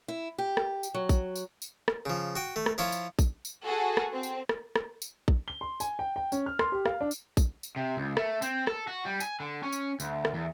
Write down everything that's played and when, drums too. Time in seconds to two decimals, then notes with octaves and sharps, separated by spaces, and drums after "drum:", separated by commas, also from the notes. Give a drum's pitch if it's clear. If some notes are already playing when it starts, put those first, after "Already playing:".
0.08 E4
0.38 G4
0.57 drum: rim click
0.83 drum: tambourine
0.94 F#3
1.09 drum: kick A#1, tambourine
1.36 drum: tambourine
1.62 drum: tambourine
1.88 drum: rim click
2.06 C#3 F3
2.36 F#4 G5
2.56 A3
2.66 drum: rim click
2.78 F3 E4 F4 C#5
2.92 drum: tambourine
3.19 drum: kick A#1, tambourine
3.45 drum: tambourine
3.64 F#4 G#4 A4
3.97 drum: rim click
4.12 C4
4.23 drum: tambourine
4.49 drum: rim click
4.76 drum: rim click
5.02 drum: tambourine
5.28 drum: kick A#1
5.48 G7
5.61 C6
5.80 G#5, drum: tambourine
5.99 G5
6.16 G5
6.32 C#4, drum: tambourine
6.46 F6
6.59 C6, drum: rim click
6.72 G4
6.86 F5, drum: rim click
7.01 D4
7.11 drum: tambourine
7.37 drum: kick A#1, tambourine
7.63 drum: tambourine
7.76 C3
7.97 C#2
8.17 A3, drum: rim click
8.42 C4, drum: tambourine
8.67 A4, drum: rim click
8.88 F#4
9.05 G3
9.20 G#5, drum: tambourine
9.40 D3
9.63 C#4
9.72 drum: tambourine
10.00 D2, drum: tambourine
10.25 drum: rim click
10.34 E2